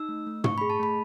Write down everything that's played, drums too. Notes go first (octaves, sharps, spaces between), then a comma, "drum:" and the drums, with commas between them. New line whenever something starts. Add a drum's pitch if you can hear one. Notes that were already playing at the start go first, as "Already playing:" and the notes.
Already playing: D#4 E6
A3
A3
A3 C#6, drum: tom
G#4 B5
A5
A3 B5